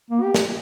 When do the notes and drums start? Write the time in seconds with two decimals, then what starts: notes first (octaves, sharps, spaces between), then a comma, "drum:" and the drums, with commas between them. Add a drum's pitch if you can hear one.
0.11 A#3
0.23 G4
0.34 drum: snare